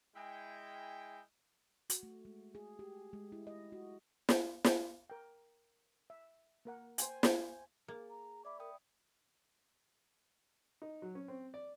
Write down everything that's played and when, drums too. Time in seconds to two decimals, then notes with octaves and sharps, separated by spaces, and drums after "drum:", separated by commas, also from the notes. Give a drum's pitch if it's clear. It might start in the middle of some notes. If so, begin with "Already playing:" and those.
0.15 G#3 E4 G5
1.90 F#4, drum: hi-hat
2.03 A3
2.25 G#3
2.55 G#4
2.79 G4
3.13 G#3
3.32 E4
3.47 D#5
3.72 F#4
4.29 drum: snare
4.64 drum: snare
5.10 A#4 G5
6.10 E5
6.65 A#3 A#4 F#5
6.98 C5 G5 G#5, drum: hi-hat
7.23 drum: snare
7.88 A#3 G#4
8.10 A#5
8.45 D5 E5 B5 D6
8.60 A#4 G5 D#6
10.82 D#4
11.02 F#3
11.15 C#4
11.28 C4
11.54 D5